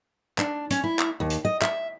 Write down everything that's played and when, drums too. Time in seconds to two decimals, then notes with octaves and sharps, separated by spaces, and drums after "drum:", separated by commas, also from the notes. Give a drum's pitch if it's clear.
0.38 D4, drum: clap
0.71 C#4, drum: hi-hat
0.84 E4
0.99 drum: clap
1.20 D#2
1.30 drum: hi-hat
1.45 D#5
1.62 E5, drum: clap